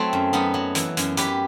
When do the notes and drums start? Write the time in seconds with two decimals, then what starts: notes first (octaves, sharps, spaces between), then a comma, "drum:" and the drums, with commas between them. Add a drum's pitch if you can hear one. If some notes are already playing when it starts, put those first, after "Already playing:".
Already playing: F#3 A3 C4 E4
0.13 F#2
0.33 F#2 B3 D#4
0.54 F#3
0.75 E3, drum: hi-hat
0.97 F#2, drum: hi-hat
1.17 F#2 G4 B4, drum: hi-hat